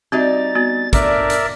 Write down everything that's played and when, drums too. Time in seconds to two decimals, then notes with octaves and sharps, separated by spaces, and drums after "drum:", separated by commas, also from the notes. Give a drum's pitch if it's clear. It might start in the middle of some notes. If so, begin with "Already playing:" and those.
0.12 G3 C4 D#4 F#4 E5 A6
0.55 B3 F#4
0.93 A3 D4 A#4 D5 E5, drum: kick, hi-hat
1.30 drum: hi-hat